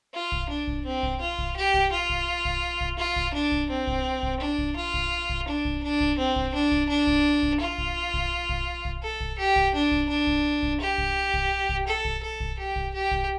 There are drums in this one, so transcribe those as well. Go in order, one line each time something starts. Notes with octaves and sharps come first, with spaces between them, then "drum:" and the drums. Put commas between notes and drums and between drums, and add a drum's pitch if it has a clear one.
F4
drum: kick
D4
drum: kick
C4
drum: kick
F4
drum: kick
G4
drum: kick
F4
drum: kick
drum: kick
drum: kick
F4
drum: kick
D4
drum: kick
C4
drum: kick
drum: kick
D4
drum: kick
F4
drum: kick
drum: kick
D4
drum: kick
D4
drum: kick
C4
drum: kick
D4
drum: kick
D4
drum: kick
drum: kick
F4
drum: kick
drum: kick
drum: kick
drum: kick
A4
drum: kick
G4
drum: kick
D4
drum: kick
D4
drum: kick
drum: kick
G4
drum: kick
drum: kick
drum: kick
A4
drum: kick
A4
drum: kick
G4
drum: kick
G4
drum: kick